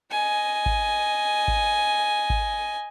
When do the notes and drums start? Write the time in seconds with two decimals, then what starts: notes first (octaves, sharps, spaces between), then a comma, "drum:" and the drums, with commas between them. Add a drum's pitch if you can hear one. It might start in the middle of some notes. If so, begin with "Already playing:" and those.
0.11 D#5 G#5
0.66 drum: kick G#1
1.48 drum: kick G#1
2.30 drum: kick G#1